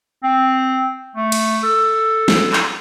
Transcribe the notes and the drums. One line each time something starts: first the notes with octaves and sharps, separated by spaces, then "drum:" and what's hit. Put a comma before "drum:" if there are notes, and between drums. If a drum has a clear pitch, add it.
C4
A3
drum: cymbal
A4
drum: snare
drum: clap